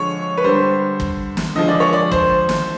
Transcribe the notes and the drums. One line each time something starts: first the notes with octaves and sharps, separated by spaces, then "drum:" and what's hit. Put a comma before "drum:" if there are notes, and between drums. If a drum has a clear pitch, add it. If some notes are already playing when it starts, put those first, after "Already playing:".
Already playing: D3 F3 G#3 C#5
B4
D3 G3 C5
drum: kick
drum: snare
D3 F3 G#3 D#5
D5
C#5
D5
C5, drum: kick
drum: snare